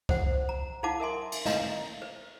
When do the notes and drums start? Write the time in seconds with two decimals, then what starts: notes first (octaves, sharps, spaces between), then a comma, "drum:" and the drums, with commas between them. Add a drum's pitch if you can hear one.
0.09 C5 F#5, drum: kick C2
0.49 A#5
0.83 D#4 E4 F5 F#5 A5 D6
1.00 A#4 E5 G#5 C6
1.32 drum: cymbal
1.46 D#5 F5 A#5, drum: snare
2.02 B4